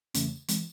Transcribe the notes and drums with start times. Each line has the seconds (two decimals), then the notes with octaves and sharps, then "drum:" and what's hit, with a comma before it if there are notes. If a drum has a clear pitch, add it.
0.14 E2 C#3 E3 A3 C#4, drum: hi-hat
0.48 E3 G#3 C4, drum: hi-hat